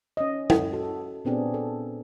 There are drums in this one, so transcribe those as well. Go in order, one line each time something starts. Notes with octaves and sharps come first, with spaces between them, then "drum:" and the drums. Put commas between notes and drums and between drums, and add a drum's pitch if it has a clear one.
C#4 D#5
drum: tom
F#4 A4
A#2 B3 C4 D4 G#4
A4